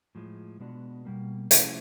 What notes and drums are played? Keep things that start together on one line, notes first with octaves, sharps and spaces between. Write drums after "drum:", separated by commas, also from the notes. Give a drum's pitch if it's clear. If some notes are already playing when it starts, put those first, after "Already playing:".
A2 F3 G#3
B2 G#3 B3 D4 F#4
B2 G3 A#3
C3 F3 A3 C#4 E4, drum: hi-hat